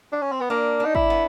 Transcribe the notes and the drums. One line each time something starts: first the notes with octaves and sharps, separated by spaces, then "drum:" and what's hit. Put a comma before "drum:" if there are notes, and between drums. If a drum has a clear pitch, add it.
D4
C#4
C4
B3
A#3 D4
D4 D#4
E4, drum: kick
B3